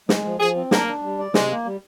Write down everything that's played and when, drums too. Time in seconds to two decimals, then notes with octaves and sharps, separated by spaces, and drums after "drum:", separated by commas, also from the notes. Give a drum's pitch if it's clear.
0.09 G#3, drum: snare
0.24 F3
0.40 F3 G#4
0.56 C4
0.71 A#3 D4, drum: snare
0.88 D4
1.03 G3
1.18 D5
1.34 C3 G#3, drum: snare
1.50 A#3
1.65 G3